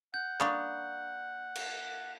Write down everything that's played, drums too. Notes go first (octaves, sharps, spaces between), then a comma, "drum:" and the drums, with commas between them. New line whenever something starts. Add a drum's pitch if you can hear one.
F#5 G6
A#3 D4 B5 C#6 D#6, drum: clap
drum: cymbal